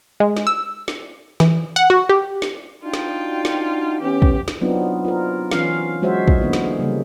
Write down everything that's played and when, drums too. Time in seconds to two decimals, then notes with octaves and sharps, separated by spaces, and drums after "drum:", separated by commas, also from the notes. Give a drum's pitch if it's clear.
0.20 G#3
0.37 drum: snare
0.47 E6
0.88 drum: snare
1.40 E3, drum: snare
1.76 F#5
1.90 F#4
2.09 G4
2.42 drum: snare
2.84 D4 D#4 F4 F#4 G5
2.94 drum: snare
3.45 drum: snare
4.01 E3 B3 C#4 G4
4.22 drum: kick
4.48 drum: snare
4.61 F#3 B3 C4 D4 D#4 F4
5.05 F4 A#4
5.52 E3 C#4 F4 F5, drum: snare
6.02 F#3 G#3 F#4 C5 C#5 E5
6.28 drum: kick
6.41 D3 A#3 B3 C#4 E4
6.53 drum: snare
6.79 C#3 G3 A#3